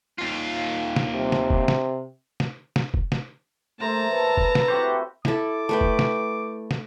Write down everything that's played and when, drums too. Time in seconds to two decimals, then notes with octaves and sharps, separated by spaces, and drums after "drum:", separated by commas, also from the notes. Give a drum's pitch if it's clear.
0.19 D#2 F4
0.96 drum: snare
1.14 C3
1.32 drum: snare
1.50 drum: kick E1
1.68 drum: snare
2.40 drum: snare
2.76 drum: snare
2.94 drum: kick E1
3.12 drum: snare
3.80 A3 A#3 C5 E5 A5 A#5
4.11 A4 B4 C#5
4.37 drum: kick E1
4.55 drum: snare
4.68 C4 E4 F#4 G4 C5
5.25 E4 A4 D6, drum: snare
5.69 A3 B4 G5
5.81 drum: kick E1
5.99 drum: snare
6.71 drum: snare